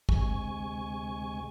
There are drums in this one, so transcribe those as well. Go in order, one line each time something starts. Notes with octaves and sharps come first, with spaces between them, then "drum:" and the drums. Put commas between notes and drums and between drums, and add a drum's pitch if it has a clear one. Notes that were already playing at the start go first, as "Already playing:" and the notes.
D2 C3 G#3 G#5 C#6, drum: kick